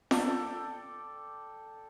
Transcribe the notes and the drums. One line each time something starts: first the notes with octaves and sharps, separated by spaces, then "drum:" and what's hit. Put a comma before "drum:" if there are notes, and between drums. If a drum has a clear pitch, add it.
A4 D5 G5, drum: snare